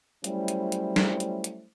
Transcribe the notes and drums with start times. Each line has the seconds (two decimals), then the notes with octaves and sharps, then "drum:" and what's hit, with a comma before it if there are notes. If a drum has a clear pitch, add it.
0.24 F#3 G3 A3 C#4 E4 C5, drum: hi-hat
0.48 drum: hi-hat
0.72 drum: hi-hat
0.96 drum: snare
1.20 drum: hi-hat
1.44 drum: hi-hat